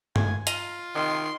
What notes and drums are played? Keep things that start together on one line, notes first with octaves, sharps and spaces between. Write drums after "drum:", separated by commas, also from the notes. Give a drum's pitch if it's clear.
G#5, drum: tom G2
F4 D#5 A#5, drum: hi-hat
C3 D#3 C6